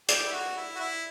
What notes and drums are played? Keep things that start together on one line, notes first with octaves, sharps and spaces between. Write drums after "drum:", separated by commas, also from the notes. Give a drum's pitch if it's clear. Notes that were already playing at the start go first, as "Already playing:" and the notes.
G4 D5, drum: hi-hat
E4
F#4
E4
F#4
E4